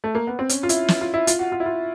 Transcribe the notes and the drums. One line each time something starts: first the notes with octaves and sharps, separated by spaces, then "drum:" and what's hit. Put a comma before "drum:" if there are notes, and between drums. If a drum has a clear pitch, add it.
A3
A#3
B3
C4
C#4, drum: hi-hat
F4
E4, drum: hi-hat
drum: snare
F4
E4
F4, drum: hi-hat
F#4
F4
E4
F4